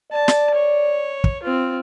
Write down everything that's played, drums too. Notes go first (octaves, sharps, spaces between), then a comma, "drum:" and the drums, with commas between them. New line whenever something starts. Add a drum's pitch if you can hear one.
D5 A5
drum: snare
C#5
drum: kick
C4 F4